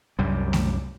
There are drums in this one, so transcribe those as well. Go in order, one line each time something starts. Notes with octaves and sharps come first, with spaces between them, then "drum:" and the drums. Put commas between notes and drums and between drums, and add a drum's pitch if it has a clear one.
C2 F#2 G3
drum: snare A3